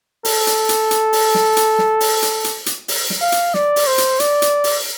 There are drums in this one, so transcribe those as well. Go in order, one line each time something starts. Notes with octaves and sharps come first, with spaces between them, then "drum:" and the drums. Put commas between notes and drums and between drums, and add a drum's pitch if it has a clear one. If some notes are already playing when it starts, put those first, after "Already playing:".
A4, drum: open hi-hat
drum: hi-hat
drum: hi-hat
drum: hi-hat
drum: open hi-hat
drum: snare
drum: hi-hat
drum: snare
drum: open hi-hat
drum: hi-hat
drum: hi-hat
drum: hi-hat
drum: open hi-hat
drum: snare
F5
drum: hi-hat
D5, drum: snare
drum: open hi-hat
C5
drum: hi-hat
D5, drum: hi-hat
drum: hi-hat
drum: open hi-hat